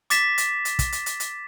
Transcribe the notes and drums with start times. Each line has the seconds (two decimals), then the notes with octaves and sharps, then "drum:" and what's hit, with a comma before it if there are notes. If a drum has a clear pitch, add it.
0.10 D6 A6 B6 E7, drum: hi-hat
0.38 drum: hi-hat
0.65 drum: hi-hat
0.79 drum: kick, hi-hat
0.92 drum: hi-hat
1.06 drum: hi-hat
1.20 drum: hi-hat